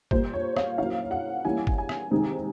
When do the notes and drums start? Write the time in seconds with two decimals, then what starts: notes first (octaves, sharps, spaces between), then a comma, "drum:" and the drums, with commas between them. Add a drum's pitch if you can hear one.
0.11 A#2 G3 A#3 C5, drum: kick
0.33 C#5
0.57 F5, drum: rim click
0.78 F#3 A#3 C#4 E4 F5
1.11 F#5
1.45 E3 G3 A#3 C#4 E4 G#5
1.67 drum: kick
1.78 G#5
1.89 drum: rim click
2.11 C3 D#3 G#3 C4 D#4